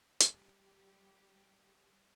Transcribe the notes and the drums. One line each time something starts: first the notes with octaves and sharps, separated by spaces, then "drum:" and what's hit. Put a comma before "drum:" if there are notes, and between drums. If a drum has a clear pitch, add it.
G3 G4, drum: hi-hat